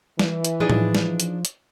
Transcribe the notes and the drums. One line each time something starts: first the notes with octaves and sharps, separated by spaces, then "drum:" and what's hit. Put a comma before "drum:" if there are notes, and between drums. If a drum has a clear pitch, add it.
E3, drum: snare
drum: hi-hat
F3 D4 D#4 G#4
drum: tom A2
drum: snare
drum: hi-hat
drum: hi-hat